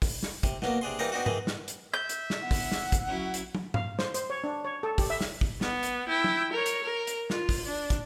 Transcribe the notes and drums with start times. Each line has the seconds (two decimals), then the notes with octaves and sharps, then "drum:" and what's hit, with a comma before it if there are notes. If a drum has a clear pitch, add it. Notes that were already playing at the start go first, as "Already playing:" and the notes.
0.02 drum: kick, open hi-hat
0.23 drum: snare
0.43 C3, drum: kick, hi-hat
0.62 B2 F#3 A#3, drum: snare
0.81 C3 D4 G#4 C6
0.99 E3 G3 C4 D#4 F4 A#4
1.12 B3 C4 D4 D#4 F#4
1.26 D#3 E3 G#4, drum: tom G#2
1.47 drum: snare
1.68 drum: hi-hat
1.94 E5 G6
2.09 drum: hi-hat
2.30 drum: snare
2.42 D3 B3 E4 F#5
2.51 drum: kick, open hi-hat
2.72 drum: snare
2.92 drum: kick, hi-hat
3.08 F#3 C#4 E4
3.34 drum: hi-hat
3.55 drum: tom
3.74 F5, drum: tom G#2
3.99 C5, drum: snare
4.14 C5, drum: hi-hat
4.30 C#5
4.44 D4
4.65 C#5
4.83 A4
4.98 G4, drum: kick, open hi-hat
5.10 E5
5.21 drum: snare
5.41 drum: kick
5.61 B3, drum: snare
5.83 drum: hi-hat
6.08 E4 G5
6.24 drum: tom
6.53 A#4 C#5
6.66 drum: hi-hat
6.84 A#4
7.07 drum: hi-hat
7.30 F4, drum: snare
7.49 drum: kick, open hi-hat
7.65 D4
7.90 drum: kick, hi-hat